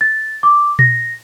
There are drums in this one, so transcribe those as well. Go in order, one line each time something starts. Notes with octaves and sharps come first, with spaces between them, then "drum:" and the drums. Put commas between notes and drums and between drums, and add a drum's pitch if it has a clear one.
A6
D6
A#6, drum: tom A#2